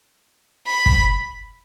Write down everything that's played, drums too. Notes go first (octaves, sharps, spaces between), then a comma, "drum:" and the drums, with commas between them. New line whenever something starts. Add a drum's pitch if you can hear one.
B5
drum: kick